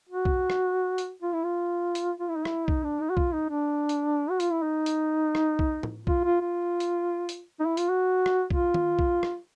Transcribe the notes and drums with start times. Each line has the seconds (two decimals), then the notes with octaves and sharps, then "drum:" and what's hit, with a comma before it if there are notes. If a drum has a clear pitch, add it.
0.09 F#4
0.25 drum: kick B1
0.50 drum: rim click
0.98 drum: hi-hat
1.22 F4
1.33 E4
1.44 F4
1.95 drum: hi-hat
2.19 F4
2.29 E4
2.36 D#4
2.45 E4, drum: rim click
2.68 D#4, drum: kick B1
2.84 D4
3.01 D#4
3.10 F#4
3.17 F4, drum: kick B1
3.33 D#4
3.49 D4
3.89 drum: hi-hat
4.30 F#4
4.40 F4, drum: hi-hat
4.52 E4
4.62 D#4
4.86 drum: hi-hat
5.35 drum: rim click
5.59 drum: kick B1
5.83 drum: tom A2
6.07 F4, drum: kick B1
6.24 F4
6.41 F4
6.80 drum: hi-hat
7.29 drum: hi-hat
7.60 D#4
7.65 E4
7.77 F4, drum: hi-hat
7.89 F#4
8.26 drum: rim click
8.50 F4, drum: kick B1
8.74 drum: tom D#3
8.99 drum: kick B1
9.23 drum: rim click